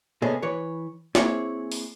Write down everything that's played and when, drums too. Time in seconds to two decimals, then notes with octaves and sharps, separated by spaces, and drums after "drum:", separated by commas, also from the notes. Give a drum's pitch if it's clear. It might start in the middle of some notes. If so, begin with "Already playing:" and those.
0.22 C3 B3 C#4 G#4 A4 D#5
0.42 E3 B4 C#5
1.15 A#3 C4 E4 G#4 C#5, drum: snare
1.72 drum: open hi-hat